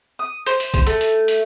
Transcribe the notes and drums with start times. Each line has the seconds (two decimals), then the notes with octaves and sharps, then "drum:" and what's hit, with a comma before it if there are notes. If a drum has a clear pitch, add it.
0.19 D#6
0.46 C5, drum: hi-hat
0.60 drum: hi-hat
0.74 drum: kick, hi-hat
0.87 A3, drum: hi-hat
1.01 drum: hi-hat
1.28 drum: hi-hat